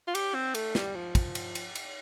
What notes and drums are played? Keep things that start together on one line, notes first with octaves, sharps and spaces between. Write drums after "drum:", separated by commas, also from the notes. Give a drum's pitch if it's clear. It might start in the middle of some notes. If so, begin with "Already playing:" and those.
F4
G4, drum: cymbal
C4
A3, drum: cymbal
G3, drum: snare
F3
drum: kick, cymbal
drum: cymbal
drum: cymbal
drum: cymbal